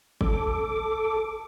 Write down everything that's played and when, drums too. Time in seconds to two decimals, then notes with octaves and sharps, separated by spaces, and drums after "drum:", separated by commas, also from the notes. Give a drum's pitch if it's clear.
0.21 A4 D6, drum: kick G#1